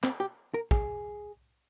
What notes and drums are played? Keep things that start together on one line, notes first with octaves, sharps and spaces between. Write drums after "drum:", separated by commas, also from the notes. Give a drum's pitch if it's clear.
C4, drum: clap
G4
A#4
G#4, drum: kick